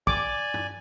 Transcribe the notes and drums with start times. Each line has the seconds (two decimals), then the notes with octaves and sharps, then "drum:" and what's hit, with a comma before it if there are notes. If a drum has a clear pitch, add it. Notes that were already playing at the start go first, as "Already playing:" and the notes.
0.07 D5 G#5 D6, drum: kick
0.54 drum: tom